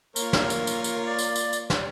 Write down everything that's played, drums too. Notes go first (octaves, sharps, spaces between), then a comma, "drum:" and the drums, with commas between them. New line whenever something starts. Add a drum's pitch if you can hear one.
A#3 F4 A#4 C#5, drum: tambourine
drum: snare
drum: tambourine
drum: tambourine
drum: tambourine
D5
drum: tambourine
drum: tambourine
drum: tambourine
drum: snare